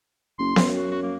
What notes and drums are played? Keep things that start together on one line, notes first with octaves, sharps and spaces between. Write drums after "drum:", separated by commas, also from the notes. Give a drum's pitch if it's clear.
F#1 C6
F#2, drum: snare B3
F#4
F#4
A#3